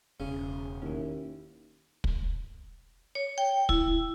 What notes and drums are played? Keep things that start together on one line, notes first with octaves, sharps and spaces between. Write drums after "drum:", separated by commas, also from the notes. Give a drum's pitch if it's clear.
E1 C#3 C#4
D#2 C#4 E4
drum: kick
C#5
G5
E4, drum: kick